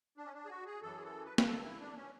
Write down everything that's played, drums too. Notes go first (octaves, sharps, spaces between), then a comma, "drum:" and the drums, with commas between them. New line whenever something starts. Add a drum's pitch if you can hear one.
D4
C#4
D4
G#4
F#4
G#4
F#2 E3 A4
G#4
A4
B4
B4, drum: snare
A4
E4
D4
C#4